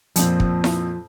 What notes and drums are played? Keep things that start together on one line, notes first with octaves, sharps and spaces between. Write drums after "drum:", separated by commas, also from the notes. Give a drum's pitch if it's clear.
F2 A#2 F3 C4, drum: hi-hat
drum: kick
drum: snare E4